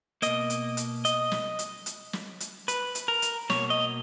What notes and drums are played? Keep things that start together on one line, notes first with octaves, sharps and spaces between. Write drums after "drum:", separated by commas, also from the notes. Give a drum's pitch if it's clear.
B2 A#3 D#5, drum: hi-hat
drum: hi-hat
drum: hi-hat
D#5, drum: hi-hat
drum: snare
drum: hi-hat
drum: hi-hat
drum: snare
drum: hi-hat
B4, drum: hi-hat
drum: hi-hat
A#4
drum: hi-hat
B2 A#3 C#5, drum: snare
D#5